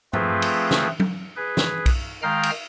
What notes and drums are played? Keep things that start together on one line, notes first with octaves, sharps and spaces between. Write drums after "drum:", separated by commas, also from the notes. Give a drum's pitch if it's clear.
F3 A3 C4 F4 G#4 B4, drum: tom G2
drum: cymbal
drum: snare
drum: tom F#3
G#4 B4
drum: snare
drum: kick B1, cymbal
D#3 G#3 F5 G5 A#5 F6
drum: cymbal